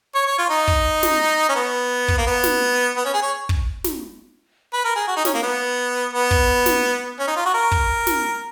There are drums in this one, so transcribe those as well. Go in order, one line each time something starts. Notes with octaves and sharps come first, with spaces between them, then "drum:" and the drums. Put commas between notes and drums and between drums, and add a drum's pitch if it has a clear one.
C#5
C#5
F4
D#4
drum: kick
drum: snare
C#4
B3
drum: kick
A#3
B3
drum: snare
B3
C#4
G#4
C#5
drum: kick
drum: snare
B4
A#4
G#4
F#4
D#4
C#4, drum: snare
A#3
B3
B3
drum: kick
drum: snare
C#4
D#4
F4
F#4
A#4
drum: kick
drum: snare